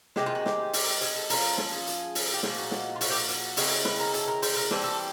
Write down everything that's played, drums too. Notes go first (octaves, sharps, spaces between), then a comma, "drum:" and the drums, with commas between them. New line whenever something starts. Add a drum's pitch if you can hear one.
C3 D#3 G#3 G4, drum: snare
F4
F#4
G4, drum: snare
drum: open hi-hat
G#4, drum: hi-hat
A4
F3 A3 C#4 F4 A#4, drum: open hi-hat
A4, drum: snare
G#4
drum: hi-hat
drum: open hi-hat
G4
A#2 F3 G#3 F#4, drum: snare
F#4
F#4, drum: snare
F4
F#4, drum: open hi-hat
G4
F#4
drum: hi-hat
C#3 E3 G#3 C4, drum: open hi-hat
B4, drum: snare
A#4
A4, drum: hi-hat
A#4
C5, drum: open hi-hat
A#4
E3 G3 C4 A4, drum: snare
A4